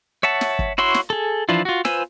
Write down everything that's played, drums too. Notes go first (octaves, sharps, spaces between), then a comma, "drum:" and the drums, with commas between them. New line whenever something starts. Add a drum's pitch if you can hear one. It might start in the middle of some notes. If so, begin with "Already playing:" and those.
C#5 E5 F#5 A5
drum: snare
drum: kick
E4 F#4 C#5 E5 C6
drum: snare
G#4 A4
E3 F3 D4 E4 F4
F4 F#4
F4 B4 C5 G#5 E6, drum: snare